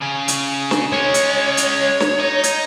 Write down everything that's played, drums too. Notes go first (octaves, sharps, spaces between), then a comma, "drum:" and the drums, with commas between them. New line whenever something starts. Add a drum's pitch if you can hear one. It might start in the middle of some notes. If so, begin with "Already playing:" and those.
C#3
drum: hi-hat
drum: snare
G#3 C#4 C#5
drum: hi-hat
drum: hi-hat
drum: snare
D#4
drum: hi-hat